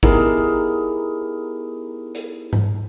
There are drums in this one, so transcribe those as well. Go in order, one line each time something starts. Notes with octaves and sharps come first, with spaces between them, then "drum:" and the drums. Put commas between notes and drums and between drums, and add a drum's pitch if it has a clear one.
B3 D#4 E4 G4 G#4 A#4, drum: kick
drum: hi-hat
drum: tom G#2